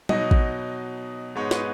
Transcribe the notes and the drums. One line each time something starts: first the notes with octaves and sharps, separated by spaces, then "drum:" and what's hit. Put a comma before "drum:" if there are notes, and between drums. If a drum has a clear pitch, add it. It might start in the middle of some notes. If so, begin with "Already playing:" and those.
B2 F#3 D#4 D#5, drum: tom G3
drum: kick A1
G#2 G#3 B3 D#4 C#5
B4, drum: snare